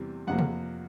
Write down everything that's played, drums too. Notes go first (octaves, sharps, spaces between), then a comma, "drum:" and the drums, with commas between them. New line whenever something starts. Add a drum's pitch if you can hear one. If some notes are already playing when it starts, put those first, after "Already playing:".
Already playing: E2 C3 G3
F2 C3 F3 A#3 F#5
drum: tom C3